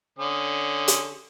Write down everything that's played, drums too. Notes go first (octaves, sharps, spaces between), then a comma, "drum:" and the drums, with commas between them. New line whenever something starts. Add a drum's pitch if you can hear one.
D3 C#4 D#6
drum: hi-hat